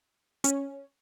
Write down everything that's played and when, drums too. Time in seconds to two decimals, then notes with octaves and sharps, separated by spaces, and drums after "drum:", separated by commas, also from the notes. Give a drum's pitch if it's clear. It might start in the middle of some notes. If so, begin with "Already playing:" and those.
0.44 C#4, drum: hi-hat